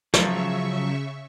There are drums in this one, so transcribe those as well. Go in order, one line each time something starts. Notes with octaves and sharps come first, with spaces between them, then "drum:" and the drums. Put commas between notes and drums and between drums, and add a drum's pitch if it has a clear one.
C#3 F3 F#3 E5 C#6, drum: snare